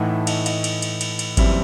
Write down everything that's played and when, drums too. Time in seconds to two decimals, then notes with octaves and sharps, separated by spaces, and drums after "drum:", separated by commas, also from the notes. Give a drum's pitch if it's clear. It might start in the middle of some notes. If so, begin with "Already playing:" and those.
Already playing: A2 E3 A3 D#4 F#5
0.09 E5
0.27 D#5, drum: cymbal
0.46 D#5, drum: cymbal
0.64 drum: cymbal
0.82 drum: cymbal
1.01 drum: cymbal
1.19 drum: cymbal
1.37 F#1 F#2 E3 G3 C4 E5, drum: kick G#1, cymbal